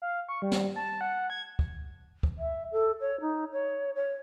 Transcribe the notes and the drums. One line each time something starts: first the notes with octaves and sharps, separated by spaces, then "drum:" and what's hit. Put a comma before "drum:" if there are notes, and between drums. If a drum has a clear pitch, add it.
F5
C#6
G3
drum: snare
A5
F#5
G#6
drum: kick
drum: kick
E5
A4
C#5
D#4
C#5
C#5